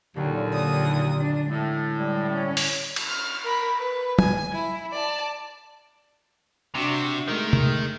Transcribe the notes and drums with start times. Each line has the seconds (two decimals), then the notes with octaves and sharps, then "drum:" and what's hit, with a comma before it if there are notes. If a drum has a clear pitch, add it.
0.16 D#2 A#2 D3 F#3
0.55 D#6
1.20 D4
1.50 A2 G#3
1.98 G3
2.32 C#4
2.57 drum: open hi-hat
2.96 drum: cymbal
3.08 F6
3.44 A#4 B5
3.78 B4
4.19 G#5, drum: tom
4.53 E4
4.92 D5 A5
6.75 C3 D4 F#4
7.28 D#3 G#3 A3
7.53 drum: tom C3